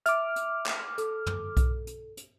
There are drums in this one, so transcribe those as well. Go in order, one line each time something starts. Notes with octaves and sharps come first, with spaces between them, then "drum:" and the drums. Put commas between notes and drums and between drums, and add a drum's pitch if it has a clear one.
E5 D6 F6, drum: hi-hat
drum: hi-hat
drum: clap
A4, drum: hi-hat
drum: tom
drum: kick B1, hi-hat
drum: hi-hat
drum: hi-hat